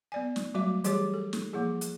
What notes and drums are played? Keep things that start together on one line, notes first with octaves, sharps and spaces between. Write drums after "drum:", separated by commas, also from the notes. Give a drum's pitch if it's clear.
B3 D5 G#5
drum: snare
F#3 G3 A3 F#4 E5 D6
E3 G3 G4 G#4 C#5 D6, drum: hi-hat
A4
drum: snare
F3 A#3 E4 G#4
drum: hi-hat